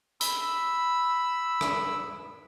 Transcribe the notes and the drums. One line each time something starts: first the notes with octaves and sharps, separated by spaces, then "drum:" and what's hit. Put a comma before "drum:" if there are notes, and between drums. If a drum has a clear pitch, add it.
B5 E6, drum: hi-hat
drum: rim click